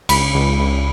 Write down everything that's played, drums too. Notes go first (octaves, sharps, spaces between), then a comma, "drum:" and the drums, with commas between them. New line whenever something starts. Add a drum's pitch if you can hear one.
C#2 B5, drum: cymbal
C#2
C#2